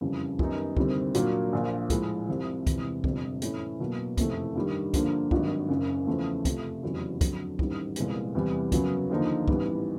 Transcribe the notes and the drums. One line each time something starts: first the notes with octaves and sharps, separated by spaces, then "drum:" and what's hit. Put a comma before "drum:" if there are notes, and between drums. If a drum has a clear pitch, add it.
F#1 F2 C#3 E3 G3
F#2 D#3 G3 B3 D#4, drum: kick
D2 C3 D#3 G3 C4, drum: kick
A#2 F#3 A#3 D4 F#4, drum: hi-hat
A#1 A#2 F3
A2 F3 G#3, drum: kick, hi-hat
C2 C3 F3
E1 E2 C3, drum: kick, hi-hat
G1 F2 C3, drum: kick
A2 E3 A3 C#4 E4, drum: hi-hat
B2 F#3 A#3
F#1 F2 C3 E3 A3, drum: kick, hi-hat
G2 D#3 G3
G2 D3 F3 A#3, drum: kick, hi-hat
G#1 G2 D#3 F#3, drum: kick
F#1 F#2 C#3
E2 C#3 F3 A3
F2 C3 F3 A3, drum: kick, hi-hat
F1 E2 C#3 F#3
F2 D3 F#3, drum: kick, hi-hat
A1 G#2 D#3 G3, drum: kick
C2 A#2 F3 G#3 B3, drum: hi-hat
E2 C3 E3 G3
F#2 C#3 F#3 B3, drum: kick, hi-hat
D#2 D3 F3 A#3 D#4
A1 G#2 E3 G3 B3, drum: kick